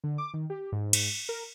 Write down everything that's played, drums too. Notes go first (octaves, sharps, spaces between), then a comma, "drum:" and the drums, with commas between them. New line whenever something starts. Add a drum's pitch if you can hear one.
D3
D6
D#3
G4
G#2
drum: cymbal
A#4